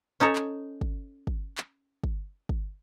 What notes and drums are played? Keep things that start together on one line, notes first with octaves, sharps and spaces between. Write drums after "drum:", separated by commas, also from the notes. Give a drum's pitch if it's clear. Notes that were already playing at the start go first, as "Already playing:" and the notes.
C#4 D#4 A4 C#5
drum: clap
drum: kick
drum: kick
drum: clap
drum: kick
drum: kick